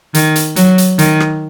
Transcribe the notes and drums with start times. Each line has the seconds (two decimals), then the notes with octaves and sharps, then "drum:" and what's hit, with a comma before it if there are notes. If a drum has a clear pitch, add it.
0.14 D#3, drum: hi-hat
0.36 drum: hi-hat
0.56 F#3, drum: hi-hat
0.78 drum: hi-hat
0.99 D#3, drum: hi-hat
1.20 drum: rim click